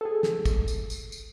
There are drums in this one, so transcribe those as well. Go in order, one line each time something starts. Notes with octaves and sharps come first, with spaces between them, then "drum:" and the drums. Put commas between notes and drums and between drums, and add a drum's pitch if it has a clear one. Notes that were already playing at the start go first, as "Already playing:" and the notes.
G#4 A4
drum: snare
drum: kick, tambourine
drum: tambourine
drum: tambourine
drum: tambourine